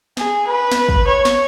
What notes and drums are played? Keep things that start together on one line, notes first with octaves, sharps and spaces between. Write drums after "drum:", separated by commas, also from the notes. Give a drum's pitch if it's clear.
G#4, drum: snare
B4
drum: snare
drum: kick
C#5
drum: snare